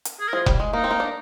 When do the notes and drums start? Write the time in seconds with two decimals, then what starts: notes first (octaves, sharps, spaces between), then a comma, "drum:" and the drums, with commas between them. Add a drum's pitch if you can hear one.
0.05 drum: hi-hat
0.20 G#4
0.28 A#4
0.33 F3 G#4
0.46 G3, drum: kick F1
0.60 G#3
0.73 A#3 D#4
0.84 C4
0.91 A#3
1.00 D4